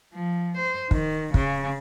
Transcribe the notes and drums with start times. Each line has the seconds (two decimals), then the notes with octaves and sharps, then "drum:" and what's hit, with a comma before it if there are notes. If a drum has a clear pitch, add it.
0.14 F3
0.57 C5
0.91 D#3, drum: kick
1.34 C#3, drum: kick